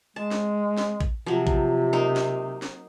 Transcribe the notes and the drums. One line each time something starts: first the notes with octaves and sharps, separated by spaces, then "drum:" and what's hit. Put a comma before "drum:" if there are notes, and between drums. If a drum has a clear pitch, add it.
G#3 A5
drum: snare
drum: snare
drum: kick A1
C3 F3 F#3
drum: kick A1
A#3 D#4 C5
drum: snare
drum: snare